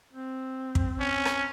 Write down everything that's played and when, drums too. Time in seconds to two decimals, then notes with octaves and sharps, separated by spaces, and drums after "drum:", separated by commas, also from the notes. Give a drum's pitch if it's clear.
0.13 C4
0.75 drum: kick
1.00 C#4
1.25 drum: rim click